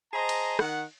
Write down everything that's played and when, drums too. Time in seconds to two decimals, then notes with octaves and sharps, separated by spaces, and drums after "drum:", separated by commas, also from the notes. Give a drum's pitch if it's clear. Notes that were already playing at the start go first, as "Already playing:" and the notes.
0.13 G#4 C5 D#5 A5 A#5
0.29 drum: cymbal
0.59 D#3 F#5, drum: rim click